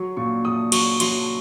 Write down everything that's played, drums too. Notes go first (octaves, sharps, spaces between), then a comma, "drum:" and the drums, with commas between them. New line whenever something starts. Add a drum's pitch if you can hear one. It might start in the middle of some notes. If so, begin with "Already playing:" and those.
Already playing: F#3 C#6
A#2 C#6
A#2 D#6
F#3 C#6, drum: cymbal
F#3 C6, drum: cymbal